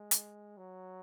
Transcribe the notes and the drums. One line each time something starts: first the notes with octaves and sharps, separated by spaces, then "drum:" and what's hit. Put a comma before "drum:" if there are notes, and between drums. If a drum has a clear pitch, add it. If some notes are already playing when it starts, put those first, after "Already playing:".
Already playing: G#3
drum: hi-hat
F#3